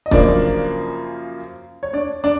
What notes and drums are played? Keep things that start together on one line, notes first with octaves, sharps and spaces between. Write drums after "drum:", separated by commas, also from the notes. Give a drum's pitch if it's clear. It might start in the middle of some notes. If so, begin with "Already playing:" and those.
D#5
F#2 C#3 F3 A#3 D4 D5, drum: kick
C#5
D4 D5
D4 D5